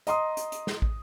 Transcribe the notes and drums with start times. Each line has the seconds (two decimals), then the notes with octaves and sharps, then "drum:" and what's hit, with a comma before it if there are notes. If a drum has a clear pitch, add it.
0.07 D#5 A#5 C6 D#6, drum: hi-hat
0.37 drum: hi-hat
0.52 drum: hi-hat
0.67 drum: snare
0.82 drum: kick